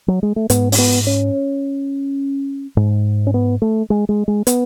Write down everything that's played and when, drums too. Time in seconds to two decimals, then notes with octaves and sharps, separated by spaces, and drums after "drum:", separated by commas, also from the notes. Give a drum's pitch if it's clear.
0.08 F#3
0.23 G#3
0.36 A3
0.50 G#2 B3, drum: hi-hat
0.72 C#4, drum: open hi-hat
0.78 B3
1.07 C#4
2.77 G#2
3.27 C#4
3.34 B3
3.62 A3
3.90 G#3
4.09 G#3
4.28 G#3
4.47 B3, drum: hi-hat